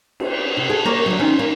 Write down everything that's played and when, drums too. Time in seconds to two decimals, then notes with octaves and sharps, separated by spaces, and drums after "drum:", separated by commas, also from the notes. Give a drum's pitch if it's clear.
0.20 drum: cymbal
0.57 C3
0.70 G#4 A4
0.85 A#3 A#4 C#5
1.06 D2 F#3
1.19 D#3 C4 C#4
1.39 A#3